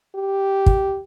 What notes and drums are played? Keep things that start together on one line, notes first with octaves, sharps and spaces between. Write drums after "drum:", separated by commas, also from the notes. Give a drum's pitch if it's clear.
G4
drum: kick